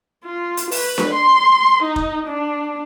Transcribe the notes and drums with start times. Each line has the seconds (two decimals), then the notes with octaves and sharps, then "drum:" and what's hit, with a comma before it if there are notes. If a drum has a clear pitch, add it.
0.24 F4
0.57 drum: hi-hat
0.71 B4, drum: open hi-hat
0.98 drum: snare D4
1.14 C6
1.83 D#4
1.96 drum: kick F1
2.27 D4